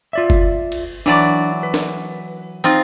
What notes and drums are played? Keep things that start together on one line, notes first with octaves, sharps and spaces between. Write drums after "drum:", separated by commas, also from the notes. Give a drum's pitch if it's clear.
F4 D5 E5
drum: kick F#1
drum: cymbal
E3 F#3 D4 D5
B4
drum: snare
C4 D#4 F4